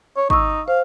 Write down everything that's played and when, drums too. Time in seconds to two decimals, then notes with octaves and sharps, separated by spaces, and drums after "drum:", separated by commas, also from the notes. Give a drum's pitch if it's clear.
0.16 C#5
0.30 D#4 C#6 E6, drum: kick
0.68 C5 F5